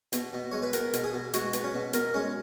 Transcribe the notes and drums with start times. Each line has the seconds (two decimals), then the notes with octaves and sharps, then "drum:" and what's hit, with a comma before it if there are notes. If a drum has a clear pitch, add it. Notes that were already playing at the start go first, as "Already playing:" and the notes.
0.13 B2, drum: hi-hat
0.33 B2
0.51 G#3 C#5
0.62 B4
0.73 B3 A#4, drum: hi-hat
0.93 B2, drum: hi-hat
1.04 G#4
1.13 B2
1.34 G#3 F#4, drum: hi-hat
1.53 B3, drum: hi-hat
1.64 C#4
1.74 B2
1.93 B2 A#4, drum: hi-hat
2.14 G#3 C#4